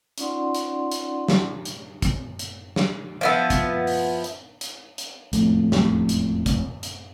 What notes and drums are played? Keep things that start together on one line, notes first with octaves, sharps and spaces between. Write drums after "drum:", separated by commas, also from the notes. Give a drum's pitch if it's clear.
C#4 D#4 F4 D5 F#5 C6, drum: hi-hat
drum: hi-hat
drum: hi-hat
drum: snare
drum: hi-hat
drum: kick, hi-hat
drum: hi-hat
drum: snare
F3 B3 E4
drum: kick, hi-hat
drum: open hi-hat
drum: hi-hat
drum: hi-hat
drum: hi-hat
E1 F2 A2 A3, drum: hi-hat
drum: snare
drum: hi-hat
drum: kick, hi-hat
drum: hi-hat